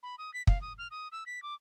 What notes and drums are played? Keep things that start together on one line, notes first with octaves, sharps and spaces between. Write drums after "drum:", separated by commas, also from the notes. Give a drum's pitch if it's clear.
B5
D#6
B6
F5, drum: kick
D#6
F6
D#6
E6
B6
D6